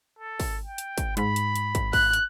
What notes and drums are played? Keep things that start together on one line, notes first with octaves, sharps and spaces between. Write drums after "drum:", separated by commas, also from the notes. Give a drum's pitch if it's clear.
A4
drum: kick, open hi-hat
G5
drum: hi-hat
drum: kick, hi-hat
G#2 B5, drum: hi-hat
drum: hi-hat
drum: hi-hat
drum: kick, hi-hat
F#6, drum: kick, open hi-hat
drum: hi-hat